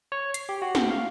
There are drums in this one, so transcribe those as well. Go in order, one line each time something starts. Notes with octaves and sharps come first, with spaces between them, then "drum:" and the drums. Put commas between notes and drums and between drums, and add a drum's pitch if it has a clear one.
C#5
C7, drum: hi-hat
G4
F#4
drum: snare
F5